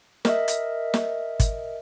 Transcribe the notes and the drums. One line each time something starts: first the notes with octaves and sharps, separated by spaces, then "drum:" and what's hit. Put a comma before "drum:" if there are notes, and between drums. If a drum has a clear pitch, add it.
A#4 D#5 E5, drum: snare
drum: hi-hat
drum: snare
drum: kick, hi-hat